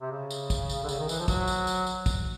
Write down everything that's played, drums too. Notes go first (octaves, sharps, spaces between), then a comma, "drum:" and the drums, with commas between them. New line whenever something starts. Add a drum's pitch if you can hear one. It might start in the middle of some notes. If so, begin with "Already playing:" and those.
C3
C#3
drum: tambourine
drum: kick, tambourine
drum: tambourine
D3
C#3, drum: tambourine
D#3
E3, drum: tambourine
F3
F#3, drum: kick, tambourine
drum: tambourine
drum: tambourine
drum: tambourine
drum: kick, tambourine